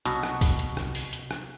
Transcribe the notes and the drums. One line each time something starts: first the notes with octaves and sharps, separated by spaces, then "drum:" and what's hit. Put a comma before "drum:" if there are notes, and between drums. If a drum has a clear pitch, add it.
C2 B2 F#3 F#4, drum: hi-hat
drum: rim click
drum: kick C2, open hi-hat
drum: hi-hat
drum: rim click
drum: open hi-hat
drum: hi-hat
drum: rim click